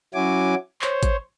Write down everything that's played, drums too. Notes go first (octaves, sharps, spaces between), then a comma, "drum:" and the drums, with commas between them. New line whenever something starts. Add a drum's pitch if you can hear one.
F#3 C#4 E4 F#4 G#5 D6
C5 C#5, drum: clap
drum: kick G#1, hi-hat